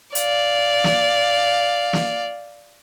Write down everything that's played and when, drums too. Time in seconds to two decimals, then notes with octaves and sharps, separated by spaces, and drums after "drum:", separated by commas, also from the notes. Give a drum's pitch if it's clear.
0.15 D5 F5, drum: hi-hat
0.84 drum: snare
1.93 drum: snare